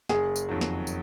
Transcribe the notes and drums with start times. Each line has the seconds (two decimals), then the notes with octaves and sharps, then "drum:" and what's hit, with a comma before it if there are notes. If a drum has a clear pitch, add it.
0.09 F#1 G#4, drum: snare
0.36 drum: tambourine
0.49 F2 D#3 F#3
0.61 drum: snare
0.87 drum: tambourine